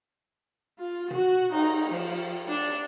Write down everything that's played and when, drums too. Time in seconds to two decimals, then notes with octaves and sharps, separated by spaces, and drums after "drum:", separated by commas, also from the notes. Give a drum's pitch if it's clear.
0.79 F4
1.11 F#4, drum: tom
1.52 D#4, drum: cymbal
1.90 F3
2.48 D4